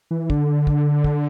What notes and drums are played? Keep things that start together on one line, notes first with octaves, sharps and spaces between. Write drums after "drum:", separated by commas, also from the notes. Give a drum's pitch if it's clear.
E3
D3, drum: kick
drum: kick
drum: kick